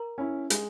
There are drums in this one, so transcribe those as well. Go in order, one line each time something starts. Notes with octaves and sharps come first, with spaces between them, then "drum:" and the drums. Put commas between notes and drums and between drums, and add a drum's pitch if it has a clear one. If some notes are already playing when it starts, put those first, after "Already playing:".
Already playing: A#4 A#5
C#4 E4
G#3, drum: hi-hat